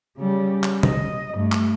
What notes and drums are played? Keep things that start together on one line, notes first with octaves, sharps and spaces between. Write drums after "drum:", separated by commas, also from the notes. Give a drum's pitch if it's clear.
C#3 G3
drum: clap
D#5, drum: tom C3
G2 A3
drum: clap